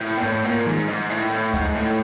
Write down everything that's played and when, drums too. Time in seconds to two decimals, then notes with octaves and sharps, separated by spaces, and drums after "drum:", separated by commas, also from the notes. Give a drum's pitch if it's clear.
0.01 A2
0.18 A#2
0.23 A2, drum: tom G#2
0.45 A#2
0.66 G#2, drum: tom D#3
0.88 G#2
1.10 A2, drum: hi-hat
1.31 A2
1.54 G#2, drum: kick C#2, hi-hat
1.75 A2